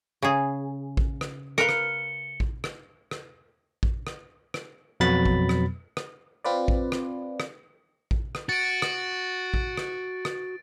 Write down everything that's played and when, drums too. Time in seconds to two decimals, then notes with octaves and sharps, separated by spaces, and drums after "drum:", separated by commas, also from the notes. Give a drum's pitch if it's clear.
0.22 C#3 G#4
0.97 drum: kick A1
1.21 drum: rim click
1.58 A#4 B4 F5 C#7 G7
1.69 drum: rim click
2.40 drum: kick A1
2.64 drum: rim click
3.11 drum: rim click
3.83 drum: kick A1
4.07 drum: rim click
4.54 drum: rim click
5.00 F2 B2 F#3 B3 B5 A6
5.26 drum: kick A1
5.49 drum: rim click
5.97 drum: rim click
6.44 C4 F4 B4 D5
6.68 drum: kick A1
6.92 drum: rim click
7.40 drum: rim click
8.11 drum: kick A1
8.35 drum: rim click
8.49 F#4 A6 D7
8.82 drum: rim click
9.54 drum: kick A1
9.77 drum: rim click
10.25 drum: rim click